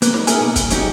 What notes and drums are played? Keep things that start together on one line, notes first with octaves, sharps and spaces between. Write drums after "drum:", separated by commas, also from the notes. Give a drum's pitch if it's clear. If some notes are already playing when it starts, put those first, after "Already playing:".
A#3 B4, drum: hi-hat
drum: snare D#4
A3 C#4 G#4 A#4 G#5, drum: hi-hat
B2 A#3 B3
C2, drum: kick, hi-hat
F#3 G#3 C#4 D#4 F#4 G4, drum: hi-hat